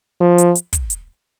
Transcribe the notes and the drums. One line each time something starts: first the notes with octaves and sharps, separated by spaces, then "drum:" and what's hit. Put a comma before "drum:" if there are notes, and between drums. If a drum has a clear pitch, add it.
F3
drum: hi-hat
drum: hi-hat
drum: kick, hi-hat
drum: hi-hat